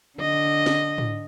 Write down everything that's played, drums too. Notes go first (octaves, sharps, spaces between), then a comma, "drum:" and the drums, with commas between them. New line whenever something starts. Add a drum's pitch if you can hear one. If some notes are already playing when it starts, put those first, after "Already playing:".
D3 D#5
drum: snare
drum: tom G#2